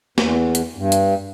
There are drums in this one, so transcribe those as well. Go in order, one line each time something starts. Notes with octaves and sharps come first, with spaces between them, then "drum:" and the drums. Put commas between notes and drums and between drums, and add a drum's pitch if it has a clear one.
E2, drum: snare
drum: hi-hat
G2
drum: hi-hat